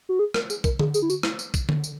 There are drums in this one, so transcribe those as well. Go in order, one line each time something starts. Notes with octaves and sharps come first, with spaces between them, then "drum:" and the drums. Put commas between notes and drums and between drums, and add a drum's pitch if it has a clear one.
F#4
G#4
A#4, drum: rim click
G#4, drum: tambourine
A#4, drum: kick, tambourine
G#4, drum: tom D3
G#4, drum: tambourine
E4
F#4, drum: tambourine
E4, drum: rim click
drum: tambourine
drum: kick, tambourine
drum: tom D3
drum: tambourine